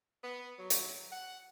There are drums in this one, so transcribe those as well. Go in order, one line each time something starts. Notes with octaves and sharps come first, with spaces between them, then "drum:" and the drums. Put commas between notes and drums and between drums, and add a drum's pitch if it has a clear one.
B3
F#3
drum: hi-hat
F#5